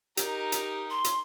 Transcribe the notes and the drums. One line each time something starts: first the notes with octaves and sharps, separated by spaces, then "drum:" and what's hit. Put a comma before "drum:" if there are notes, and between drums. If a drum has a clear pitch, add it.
D#4 G4 A#4, drum: hi-hat
drum: hi-hat
C6
drum: hi-hat